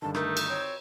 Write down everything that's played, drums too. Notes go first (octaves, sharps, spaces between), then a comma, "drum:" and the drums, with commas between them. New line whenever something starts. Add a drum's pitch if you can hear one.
G2 D3 D#3 A5
A3 D#4 A#4, drum: rim click
drum: cymbal
C4 C#5